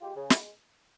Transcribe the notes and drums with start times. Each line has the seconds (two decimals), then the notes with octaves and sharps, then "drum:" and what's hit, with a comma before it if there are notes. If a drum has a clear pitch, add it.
0.01 G#3 F4 G4
0.16 C#3
0.30 G#3 E4 F#4, drum: snare